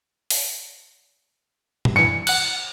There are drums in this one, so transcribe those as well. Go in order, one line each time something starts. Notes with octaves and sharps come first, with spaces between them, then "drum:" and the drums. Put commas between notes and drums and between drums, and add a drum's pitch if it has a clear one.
drum: open hi-hat
drum: tom
G2 E3 C#7
F#5 F#6, drum: cymbal